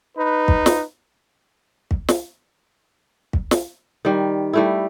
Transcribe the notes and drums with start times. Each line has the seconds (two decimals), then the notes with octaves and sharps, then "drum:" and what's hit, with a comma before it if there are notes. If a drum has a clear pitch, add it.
0.17 D#4 B4
0.48 drum: kick
0.66 drum: snare
1.91 drum: kick
2.09 drum: snare
3.33 drum: kick
3.51 drum: snare
4.05 D#3 G3
4.53 G3 A3 E4